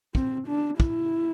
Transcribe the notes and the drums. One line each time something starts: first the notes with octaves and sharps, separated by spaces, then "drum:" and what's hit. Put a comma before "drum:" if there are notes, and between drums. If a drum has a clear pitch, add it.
C4, drum: kick
D4
E4, drum: kick